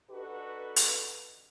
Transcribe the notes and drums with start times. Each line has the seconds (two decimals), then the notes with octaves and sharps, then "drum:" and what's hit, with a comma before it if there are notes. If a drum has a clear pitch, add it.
0.10 D4 D#4 F#4 A4 B4
0.76 drum: hi-hat